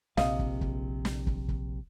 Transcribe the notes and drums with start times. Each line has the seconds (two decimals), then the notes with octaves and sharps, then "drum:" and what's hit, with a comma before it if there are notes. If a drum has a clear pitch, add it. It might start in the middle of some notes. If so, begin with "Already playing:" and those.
0.17 A#1 C3 D#5 F5, drum: snare
0.39 drum: kick
0.61 drum: kick
1.05 drum: snare
1.27 drum: kick
1.48 drum: kick